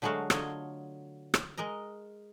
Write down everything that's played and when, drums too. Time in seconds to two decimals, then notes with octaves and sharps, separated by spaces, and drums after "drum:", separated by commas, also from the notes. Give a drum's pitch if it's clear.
0.02 D3 F#3 G#3 A3 F#4 F5
0.30 D3 F#3 F4 C#5 D#5, drum: rim click
1.34 drum: rim click
1.57 G#3 A#4 D#5 A#5